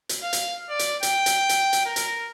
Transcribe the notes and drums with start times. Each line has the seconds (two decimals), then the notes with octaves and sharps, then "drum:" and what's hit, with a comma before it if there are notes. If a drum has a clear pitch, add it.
0.09 drum: hi-hat
0.23 F5
0.33 drum: hi-hat
0.69 D5
0.79 drum: hi-hat
1.03 G5, drum: hi-hat
1.26 drum: hi-hat
1.49 drum: hi-hat
1.73 drum: hi-hat
1.86 A#4
1.96 drum: hi-hat